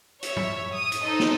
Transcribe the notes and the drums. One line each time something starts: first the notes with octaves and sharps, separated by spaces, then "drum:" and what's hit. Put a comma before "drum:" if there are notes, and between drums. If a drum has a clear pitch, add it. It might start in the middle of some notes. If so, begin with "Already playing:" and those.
C#5 E5, drum: hi-hat
drum: tom
D#6
drum: hi-hat
D#4 A4 C5 D#5
drum: snare